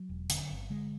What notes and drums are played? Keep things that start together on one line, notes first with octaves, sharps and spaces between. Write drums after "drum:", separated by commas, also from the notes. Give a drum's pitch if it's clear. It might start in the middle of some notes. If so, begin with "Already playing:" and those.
Already playing: F#3
E1
D3, drum: hi-hat
G1
D3 G#3